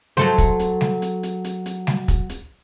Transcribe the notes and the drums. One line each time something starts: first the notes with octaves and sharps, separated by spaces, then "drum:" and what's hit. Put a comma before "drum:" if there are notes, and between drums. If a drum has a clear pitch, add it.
F#3 A4 C5, drum: snare G3
drum: kick, hi-hat
drum: hi-hat
drum: snare G3
drum: hi-hat
drum: hi-hat
drum: hi-hat
drum: hi-hat
drum: snare G3
drum: kick, hi-hat
drum: hi-hat